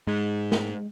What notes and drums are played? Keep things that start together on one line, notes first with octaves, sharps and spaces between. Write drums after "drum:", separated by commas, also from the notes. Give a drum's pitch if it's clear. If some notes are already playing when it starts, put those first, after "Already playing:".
G#2 G#3
drum: snare